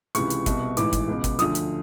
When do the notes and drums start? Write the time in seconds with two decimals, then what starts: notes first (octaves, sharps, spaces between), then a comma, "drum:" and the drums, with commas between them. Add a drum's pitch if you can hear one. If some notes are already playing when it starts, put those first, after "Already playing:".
0.15 C#2 C3 E3 C#6, drum: hi-hat
0.30 drum: hi-hat
0.46 C2 B2, drum: kick, hi-hat
0.77 A1 G#2 E3 D6, drum: hi-hat
0.93 drum: kick, hi-hat
1.08 C#2 B2
1.24 drum: kick, hi-hat
1.39 D2 D3 F3 D#6, drum: hi-hat
1.55 drum: hi-hat